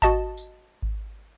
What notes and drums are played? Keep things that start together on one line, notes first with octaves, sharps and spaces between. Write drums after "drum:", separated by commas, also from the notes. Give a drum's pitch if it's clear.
F#4 D#5 A5, drum: kick G#1
drum: tambourine
drum: kick G#1